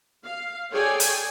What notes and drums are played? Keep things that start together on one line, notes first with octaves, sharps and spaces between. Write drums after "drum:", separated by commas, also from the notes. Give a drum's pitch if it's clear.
F5
G#4 A4 C#5 D5 G5 G#5
drum: hi-hat